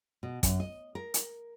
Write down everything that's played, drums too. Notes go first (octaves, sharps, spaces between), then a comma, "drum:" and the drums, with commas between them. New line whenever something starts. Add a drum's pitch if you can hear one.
B2
F#2, drum: kick, hi-hat
D#5
A#4
drum: hi-hat